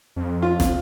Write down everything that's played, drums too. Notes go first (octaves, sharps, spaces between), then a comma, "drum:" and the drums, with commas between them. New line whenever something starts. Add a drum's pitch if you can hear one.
F2
F4
drum: snare